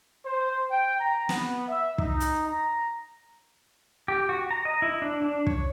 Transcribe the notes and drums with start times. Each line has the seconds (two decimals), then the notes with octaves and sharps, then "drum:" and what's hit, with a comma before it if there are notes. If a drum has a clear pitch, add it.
0.25 C5
0.70 G5
1.00 A#5
1.29 B3, drum: snare
1.68 E5
1.98 D#4, drum: kick
2.20 drum: hi-hat
2.48 A#5
4.08 G4
4.29 F#4
4.51 A#5
4.65 D#5
4.82 E4
5.02 D4
5.22 D4
5.47 C#5, drum: kick